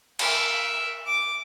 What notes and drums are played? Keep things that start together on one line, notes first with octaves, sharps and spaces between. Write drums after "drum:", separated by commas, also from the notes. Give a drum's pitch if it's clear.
A#4 E5, drum: cymbal
D6